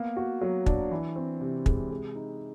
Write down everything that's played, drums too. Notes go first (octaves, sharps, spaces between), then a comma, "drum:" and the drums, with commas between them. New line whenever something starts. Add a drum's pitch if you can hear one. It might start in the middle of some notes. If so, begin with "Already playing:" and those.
Already playing: A#3 B3
F#4
F#3
D4, drum: kick
E3
C4
C3
G#3, drum: kick
G#3
D#4